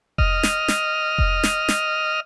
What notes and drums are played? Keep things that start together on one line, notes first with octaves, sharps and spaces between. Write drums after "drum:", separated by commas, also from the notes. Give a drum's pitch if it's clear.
D#5 F6, drum: kick F1
drum: snare
drum: snare
drum: kick F1
drum: snare
drum: snare